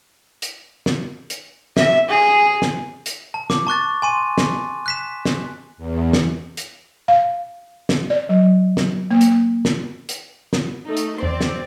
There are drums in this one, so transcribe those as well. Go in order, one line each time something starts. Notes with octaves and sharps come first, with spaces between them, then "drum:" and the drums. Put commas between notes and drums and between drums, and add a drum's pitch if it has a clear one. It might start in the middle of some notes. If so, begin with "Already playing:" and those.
drum: hi-hat
drum: snare
drum: hi-hat
E5, drum: snare
G#4
drum: snare
drum: hi-hat
A5
D6, drum: snare
A5 C#6 F#6 A6
G#5 C6 D#7
drum: snare
F#6 B6 E7
drum: snare
E2
drum: snare
drum: hi-hat
F5
drum: snare
D5
F#3
drum: snare
A#3
drum: hi-hat
drum: snare
drum: hi-hat
drum: snare
A3 D#4
drum: hi-hat
E2 C4 C5 D5 C6
drum: snare